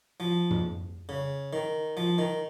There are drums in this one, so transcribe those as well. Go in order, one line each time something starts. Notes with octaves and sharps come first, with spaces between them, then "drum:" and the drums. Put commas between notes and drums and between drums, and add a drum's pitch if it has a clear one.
F3
drum: tom
C#3
D#3
F3
D#3